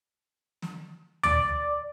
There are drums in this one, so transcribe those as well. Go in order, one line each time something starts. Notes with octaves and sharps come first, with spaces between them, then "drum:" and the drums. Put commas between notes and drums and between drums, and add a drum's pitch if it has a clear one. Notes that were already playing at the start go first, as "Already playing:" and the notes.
drum: snare
D5, drum: tom